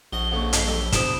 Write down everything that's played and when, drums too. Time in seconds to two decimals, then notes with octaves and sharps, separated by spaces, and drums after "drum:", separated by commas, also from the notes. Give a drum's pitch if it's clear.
0.13 A#1 F#4 D#5 G7
0.32 F2 A#2 C#3 F#5 C#6
0.53 G2 D#5 C7, drum: hi-hat
0.66 F#3 G3 G4 A4
0.92 C3 B3 D4 E4 C5 D#6 D7 E7, drum: kick, hi-hat